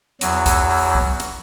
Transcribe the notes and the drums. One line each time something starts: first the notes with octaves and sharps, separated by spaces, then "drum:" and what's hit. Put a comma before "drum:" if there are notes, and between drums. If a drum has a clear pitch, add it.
E2 F#3, drum: hi-hat
drum: kick, hi-hat
drum: open hi-hat
drum: kick
drum: hi-hat